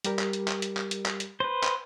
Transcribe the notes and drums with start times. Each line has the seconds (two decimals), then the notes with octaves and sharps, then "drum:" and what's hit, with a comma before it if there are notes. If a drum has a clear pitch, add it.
0.04 G3 G4 A#4, drum: hi-hat
0.19 drum: clap
0.33 drum: hi-hat
0.48 drum: clap
0.62 drum: hi-hat
0.77 drum: clap
0.91 drum: hi-hat
1.06 drum: clap
1.20 drum: hi-hat
1.40 B4 C5
1.64 drum: clap